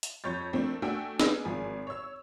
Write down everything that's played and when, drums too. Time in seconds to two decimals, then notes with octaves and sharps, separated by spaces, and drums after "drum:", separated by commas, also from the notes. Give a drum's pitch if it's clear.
0.03 drum: hi-hat
0.24 F2 C#5 G6 A6
0.53 F3 A3 A#3 C4 D4
0.82 A3 D4 F#4 G5 G#5 E6
1.20 B3 D4 D#4 G#4, drum: snare
1.45 G#1 F3 G#5
1.87 C#5 E6